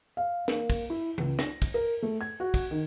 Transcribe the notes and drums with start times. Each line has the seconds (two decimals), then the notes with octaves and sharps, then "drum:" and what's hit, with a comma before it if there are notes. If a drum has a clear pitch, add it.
0.17 F5
0.48 A#3, drum: snare
0.70 drum: kick, cymbal
0.90 E4
1.18 C#2, drum: tom
1.39 A#6, drum: snare
1.62 drum: kick, cymbal
1.74 A#4
2.02 A3
2.21 G#6
2.40 F#4
2.54 drum: kick, cymbal
2.71 D#3